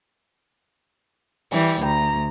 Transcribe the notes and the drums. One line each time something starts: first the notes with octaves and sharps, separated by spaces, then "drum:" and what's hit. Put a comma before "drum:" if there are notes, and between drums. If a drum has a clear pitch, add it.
E3 G3, drum: open hi-hat
D2 A#5